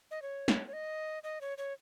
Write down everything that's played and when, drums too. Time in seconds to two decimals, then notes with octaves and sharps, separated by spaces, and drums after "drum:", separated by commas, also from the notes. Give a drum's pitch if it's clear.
0.11 D#5
0.22 C#5
0.48 drum: snare
0.67 C#5
0.73 D#5
1.24 D#5
1.41 C#5
1.58 C#5